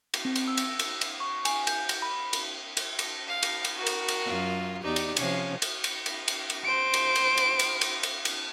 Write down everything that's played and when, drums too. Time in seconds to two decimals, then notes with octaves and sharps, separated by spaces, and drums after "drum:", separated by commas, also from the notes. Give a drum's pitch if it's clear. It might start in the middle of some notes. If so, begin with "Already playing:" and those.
0.14 drum: cymbal
0.25 C4
0.36 drum: cymbal
0.48 E6
0.57 drum: cymbal
0.79 drum: cymbal
1.01 drum: cymbal
1.20 C#6
1.45 G#5, drum: cymbal
1.67 G6, drum: cymbal
1.89 drum: cymbal
2.02 B5
2.33 drum: cymbal
2.77 drum: cymbal
2.99 drum: cymbal
3.27 F5
3.43 drum: cymbal
3.65 drum: cymbal
3.77 F#4 A#4
3.86 drum: cymbal
4.08 drum: cymbal
4.25 F#2 F4
4.83 E2 D#4 G4 D5
4.96 drum: cymbal
5.17 C3 F3 C#4, drum: cymbal
5.62 drum: cymbal
5.84 drum: cymbal
6.06 drum: cymbal
6.28 drum: cymbal
6.50 drum: cymbal
6.65 C5 D7
6.94 drum: cymbal
7.16 drum: cymbal
7.37 drum: cymbal
7.59 drum: cymbal
7.81 drum: cymbal
8.03 drum: cymbal
8.25 drum: cymbal